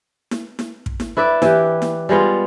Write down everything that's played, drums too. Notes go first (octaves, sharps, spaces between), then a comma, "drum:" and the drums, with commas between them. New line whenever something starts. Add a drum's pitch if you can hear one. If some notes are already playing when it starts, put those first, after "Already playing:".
drum: snare E4
drum: snare E4
drum: kick
drum: snare E4
E4 B4 D5 E5
E3 G4, drum: snare E4
drum: snare E4
G3 G#3 B3 F4